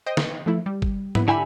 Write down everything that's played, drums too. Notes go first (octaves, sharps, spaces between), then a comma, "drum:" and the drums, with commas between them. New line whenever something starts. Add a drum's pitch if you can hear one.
C5 D#5 G5
drum: snare
F3 A3 E4
G3
drum: kick
B3 E4 B4, drum: tom G#2
D3 E4 G4 E5 G#5 B5